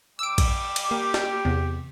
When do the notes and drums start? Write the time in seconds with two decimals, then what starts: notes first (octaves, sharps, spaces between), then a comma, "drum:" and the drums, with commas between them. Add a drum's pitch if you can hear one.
0.19 G3 D6 E6 D7
0.38 drum: kick A#1, cymbal
0.76 drum: cymbal
0.91 A#3 G4
1.14 drum: snare
1.45 E2 C3